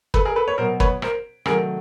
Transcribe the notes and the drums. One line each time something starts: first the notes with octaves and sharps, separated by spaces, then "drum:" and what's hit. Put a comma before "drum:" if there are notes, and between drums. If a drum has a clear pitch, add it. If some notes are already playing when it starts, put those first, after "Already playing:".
A4 B4, drum: kick
G#4 A#4
A4 B4
B4 C#5
B2 F#3 B3 A#4 C5
B4 C#5, drum: kick
A#4 C5, drum: rim click
C3 D#3 F#3 A3 G#4 A#4, drum: rim click